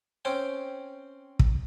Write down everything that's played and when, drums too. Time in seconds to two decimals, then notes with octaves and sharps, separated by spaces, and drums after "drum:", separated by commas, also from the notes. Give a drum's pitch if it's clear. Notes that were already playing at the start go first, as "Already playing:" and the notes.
0.25 C4 C#4 G5
1.39 drum: kick